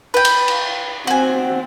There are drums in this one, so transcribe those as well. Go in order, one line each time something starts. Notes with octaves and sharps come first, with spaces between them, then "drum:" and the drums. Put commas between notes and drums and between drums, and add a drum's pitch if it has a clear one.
B4 G5
drum: cymbal
drum: cymbal
C4 F#4 G#5